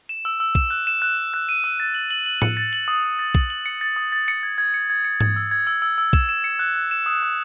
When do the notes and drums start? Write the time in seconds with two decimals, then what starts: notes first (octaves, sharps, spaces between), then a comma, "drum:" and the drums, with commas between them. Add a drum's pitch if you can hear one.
0.09 E7
0.25 E6
0.40 E6
0.55 E7, drum: kick
0.70 F#6
0.87 E7
1.02 F#6
1.18 E7
1.34 F#6
1.49 D#7
1.64 E6
1.80 A6
1.94 F#7
2.11 F#7
2.26 F#7
2.42 C#7, drum: tom A2
2.57 A6
2.73 F#7
2.88 D#6
3.04 D#6
3.19 A6
3.35 F#7, drum: kick
3.50 F#7
3.66 C#7
3.81 A6
3.96 D#6
4.12 A6
4.28 C#7
4.43 G#6
4.58 G#6
4.74 C#7
4.90 G#6
5.05 C#7
5.20 G#6, drum: tom G#2
5.36 E6
5.51 G#6
5.67 E6
5.82 E6
5.98 E6
6.13 E7, drum: kick
6.29 E7
6.44 C#7
6.59 F#6
6.76 F#6
6.91 E7
7.06 D#6
7.22 F#6